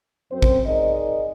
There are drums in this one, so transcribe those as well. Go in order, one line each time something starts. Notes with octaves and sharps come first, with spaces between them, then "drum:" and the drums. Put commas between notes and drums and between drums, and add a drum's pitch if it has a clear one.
F#2 C4 C5
drum: kick A1
D#4 G#4 A#4 D5 D#5